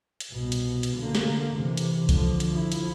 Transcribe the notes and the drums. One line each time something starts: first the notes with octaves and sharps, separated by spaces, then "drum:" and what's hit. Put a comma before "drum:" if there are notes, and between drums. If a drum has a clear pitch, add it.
drum: hi-hat
C2 B2
drum: hi-hat
drum: hi-hat
D3 A#3
drum: snare
C3 E3
drum: hi-hat
D3 F3, drum: kick C2, hi-hat
drum: hi-hat
F3 E4
drum: hi-hat